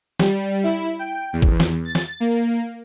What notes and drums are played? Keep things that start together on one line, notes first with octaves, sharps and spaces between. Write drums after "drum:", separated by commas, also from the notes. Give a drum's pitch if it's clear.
G3, drum: snare
E4
G5
E2
drum: kick
drum: snare
A6
drum: snare
A#3